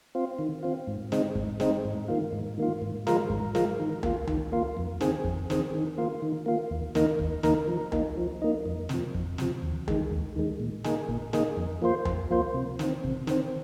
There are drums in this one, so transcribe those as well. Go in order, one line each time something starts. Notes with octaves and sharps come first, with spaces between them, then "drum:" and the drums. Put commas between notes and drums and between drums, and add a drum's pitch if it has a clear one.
C4 F4
D#3
C4 F4
G#2
G#3 C4 D#4, drum: snare
G#2, drum: kick
G#3 C4 D#4, drum: snare
G#2
D#3 A#3 F4
G#2
D#3 A#3 F4
G#2
F3 G#3 F4 A#4, drum: snare
G#2, drum: kick
F3 G#3 F4 A#4, drum: snare
D#3
A#3 F4, drum: tom C#2
D#3, drum: tom C#2
A#3 F4
F2
D#3 C4 G#4, drum: snare
F2, drum: kick
D#3 C4 G#4, drum: snare
D#3
A#3 F4
D#3
A#3 F4
D#2
D#3 A#3 D#4 A#4, drum: snare
D#2, drum: kick
D#3 A#3 D#4 A#4, drum: snare
F3
A#3 D#4, drum: tom C#2
F3
A#3 D#4
F2
C3 F3, drum: snare
F2, drum: kick
C3 F3, drum: snare
D#2
D#3 G#3, drum: tom C#2
D#2
D#3 G#3
A#2
A#3 D#4 G#4, drum: snare
A#2, drum: kick
A#3 D#4 G#4, drum: snare
F2
F3 A#3 F4 C5
F2, drum: tom C#2
F3 A#3 F4 C5
C3
D#3 C4, drum: snare
C3, drum: kick
D#3 C4, drum: snare